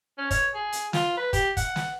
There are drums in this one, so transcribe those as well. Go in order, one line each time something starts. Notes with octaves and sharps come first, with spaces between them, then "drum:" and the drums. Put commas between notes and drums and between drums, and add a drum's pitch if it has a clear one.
C#4
C#5, drum: kick, hi-hat
G#4
drum: hi-hat
F4, drum: snare
B4
G4, drum: kick, hi-hat
F#5, drum: kick, hi-hat
drum: snare